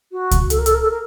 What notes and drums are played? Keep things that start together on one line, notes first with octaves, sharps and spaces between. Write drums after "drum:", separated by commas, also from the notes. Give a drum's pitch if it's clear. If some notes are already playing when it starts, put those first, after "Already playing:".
F#4
drum: kick C#2, hi-hat
A4, drum: hi-hat
A#4
A4, drum: hi-hat
A#4
A4
A#4